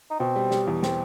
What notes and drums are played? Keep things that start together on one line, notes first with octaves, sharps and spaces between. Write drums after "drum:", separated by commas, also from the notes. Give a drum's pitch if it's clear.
D#4
B2 C4
G3
G3, drum: snare
E2
C4, drum: snare